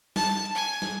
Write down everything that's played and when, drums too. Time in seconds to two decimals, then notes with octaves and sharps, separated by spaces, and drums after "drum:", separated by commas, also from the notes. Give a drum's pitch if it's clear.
0.16 A5, drum: snare
0.55 G#5
0.82 drum: snare